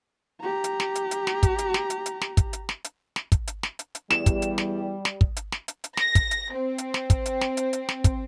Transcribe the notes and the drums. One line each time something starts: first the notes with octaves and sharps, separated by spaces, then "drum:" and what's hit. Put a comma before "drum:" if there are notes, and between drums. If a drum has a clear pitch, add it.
G4 A#5
drum: hi-hat
drum: snare
drum: hi-hat
drum: hi-hat
drum: snare
drum: kick, hi-hat
drum: hi-hat
drum: snare
drum: hi-hat
drum: hi-hat
drum: snare
drum: kick, hi-hat
drum: hi-hat
drum: snare
drum: hi-hat
drum: snare
drum: kick, hi-hat
drum: hi-hat
drum: snare
drum: hi-hat
drum: hi-hat
E2 G3 E7, drum: snare
drum: kick, hi-hat
drum: hi-hat
drum: snare
drum: snare
drum: kick
drum: hi-hat
drum: snare
drum: hi-hat
drum: hi-hat
A#6, drum: snare
drum: kick, hi-hat
drum: hi-hat
C4
drum: hi-hat
drum: snare
drum: kick, hi-hat
drum: hi-hat
drum: snare
drum: hi-hat
drum: hi-hat
drum: snare
drum: kick, hi-hat